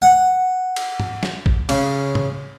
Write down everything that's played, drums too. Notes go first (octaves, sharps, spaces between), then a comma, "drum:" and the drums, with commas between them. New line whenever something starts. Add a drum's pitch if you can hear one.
F#5
drum: cymbal
drum: tom
drum: snare
drum: kick
C#3, drum: cymbal
drum: tom